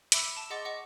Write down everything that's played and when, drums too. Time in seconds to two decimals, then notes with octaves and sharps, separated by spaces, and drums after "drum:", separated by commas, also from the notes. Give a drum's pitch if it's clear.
0.12 E5 B5 D6 E6 C#7, drum: hi-hat
0.37 A5
0.50 G#4 D#5 F#5 C6 D6 A6
0.65 D#5 F#5 C#6 D6